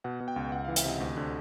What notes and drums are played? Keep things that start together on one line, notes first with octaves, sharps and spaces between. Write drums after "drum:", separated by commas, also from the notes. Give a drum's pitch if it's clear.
B2 F#5
B2
G5
C#2
C#2 F#5
F5
E3
E5, drum: hi-hat
C3 D#5
D2
D3